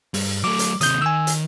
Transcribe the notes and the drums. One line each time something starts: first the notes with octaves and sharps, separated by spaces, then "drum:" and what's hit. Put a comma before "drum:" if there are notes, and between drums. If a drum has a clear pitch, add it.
G2, drum: open hi-hat
F#3 A3 D6
drum: hi-hat
D#2 C3 D#6 G6, drum: hi-hat
D#3 G#5 E6
drum: hi-hat